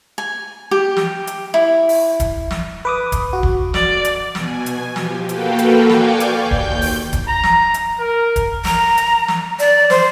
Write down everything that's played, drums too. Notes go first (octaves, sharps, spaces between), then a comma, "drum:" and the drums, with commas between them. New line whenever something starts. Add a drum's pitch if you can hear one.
G#5
G4
drum: snare
drum: hi-hat
E4
drum: open hi-hat
drum: kick D1, hi-hat
drum: snare
B4 D6 D#6
drum: kick D1, hi-hat
F#4
drum: kick D1
D5, drum: snare
drum: hi-hat
B2 G#5, drum: snare
drum: hi-hat
F3 G4, drum: snare
A#3 F#4 A4 B4 F5 G5, drum: hi-hat
drum: hi-hat
D5 F5 G5 G#5 C#6 D6, drum: snare
drum: hi-hat
D#2 G5 G6
drum: kick D1
drum: open hi-hat
drum: kick D1, hi-hat
A#5
drum: snare
drum: hi-hat
A#4
drum: kick D1, hi-hat
A#5, drum: snare
drum: hi-hat
drum: snare
D5, drum: hi-hat
C5, drum: snare